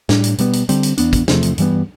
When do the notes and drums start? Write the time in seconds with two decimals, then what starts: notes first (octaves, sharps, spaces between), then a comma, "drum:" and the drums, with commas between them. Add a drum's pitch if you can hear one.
0.09 A2 G3 D4, drum: snare
0.24 drum: hi-hat
0.38 B2 G3 B3, drum: hi-hat
0.53 drum: hi-hat
0.69 D3 G3 C4, drum: hi-hat
0.83 drum: hi-hat
0.98 E2 B2 B3 D4, drum: hi-hat
1.13 drum: kick, hi-hat
1.28 E2 C3 F3 A3, drum: snare
1.43 drum: hi-hat
1.58 G2 E3 G3 B3, drum: hi-hat